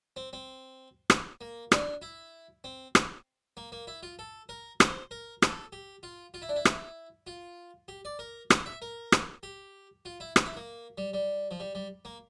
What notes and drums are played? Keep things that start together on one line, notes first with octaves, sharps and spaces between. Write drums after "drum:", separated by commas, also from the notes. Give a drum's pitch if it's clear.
C4
C4
drum: rim click
A#3
D4, drum: rim click
E4
C4
drum: rim click
A#3
A#3
E4
F4
A4
A#4
C5, drum: rim click
A#4
A4, drum: rim click
G4
F4
F4
E4
D4
E4
drum: rim click
F4
G4
D5
A#4
C5, drum: rim click
E5
A#4
drum: rim click
G4
F4
E4
drum: rim click
E4
A#3
G3
G3
F3
G3
G3
A#3